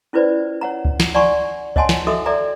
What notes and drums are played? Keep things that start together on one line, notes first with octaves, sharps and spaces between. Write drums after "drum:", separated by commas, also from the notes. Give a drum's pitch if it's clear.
C#4 E4 F4 B4 C5 D5
C#5 F#5 A#5
drum: kick C#2
drum: snare
D5 F#5 G#5 A#5 C6 C#6
C#5 D#5 F#5 G#5 A5 C6, drum: kick C#2
drum: snare
F#4 A4 D#5 E5 D#6
A4 D5 E5 G5 A#5